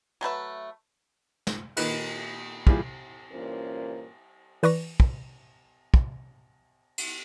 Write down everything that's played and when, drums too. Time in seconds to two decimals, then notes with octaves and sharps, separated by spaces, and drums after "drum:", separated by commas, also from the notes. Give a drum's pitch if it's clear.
0.21 F#3 A3 B4 E5
1.47 drum: snare
1.77 A#2 D#3 D#4 B4 F#6, drum: cymbal
2.67 E3 G3 F4 G#4, drum: kick
3.32 G2 A#2 E3 C#4 A#4 C5
4.63 E3 B4 D5 C#6 A#6, drum: open hi-hat
5.00 drum: kick
5.94 drum: kick
6.98 drum: cymbal